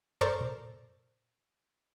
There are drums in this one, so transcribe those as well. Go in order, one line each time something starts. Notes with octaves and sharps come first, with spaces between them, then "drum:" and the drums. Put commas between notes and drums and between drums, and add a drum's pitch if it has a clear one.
A4 A#4 C5 D5 A#5 C#6, drum: tom
drum: tom A2